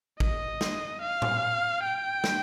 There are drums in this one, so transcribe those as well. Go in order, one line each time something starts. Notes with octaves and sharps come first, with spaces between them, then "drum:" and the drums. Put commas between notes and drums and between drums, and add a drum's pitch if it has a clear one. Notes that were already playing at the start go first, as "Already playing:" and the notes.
D#5, drum: kick G#1
drum: snare
F5
drum: tom A2
G5
drum: snare